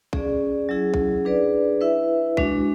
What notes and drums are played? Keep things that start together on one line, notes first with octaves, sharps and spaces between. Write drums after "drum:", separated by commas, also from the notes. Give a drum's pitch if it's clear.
C#4 G#4 D5, drum: kick
F#3 C#4 E4 G#4
drum: kick
D4 G#4 B4 D5
E4 B4 E5
G#3 D4 F#4, drum: kick